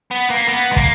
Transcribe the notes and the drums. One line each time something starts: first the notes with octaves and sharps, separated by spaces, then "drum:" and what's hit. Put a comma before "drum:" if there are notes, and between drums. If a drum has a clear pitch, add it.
B3
A#3
B3, drum: hi-hat
G#3
A#3, drum: kick